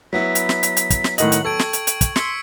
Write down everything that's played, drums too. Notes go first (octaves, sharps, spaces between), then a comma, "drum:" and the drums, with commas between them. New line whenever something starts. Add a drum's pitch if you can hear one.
F#3 B3 E4 B6
drum: hi-hat
drum: snare
drum: hi-hat
drum: hi-hat
drum: kick, hi-hat
drum: snare
A2 D#3 D#5 F#5 F#7, drum: hi-hat
drum: hi-hat
A4 G5 C#6 G#6 D7
drum: snare
drum: hi-hat
drum: hi-hat
drum: kick, hi-hat
C6 E6 B6 C#7, drum: snare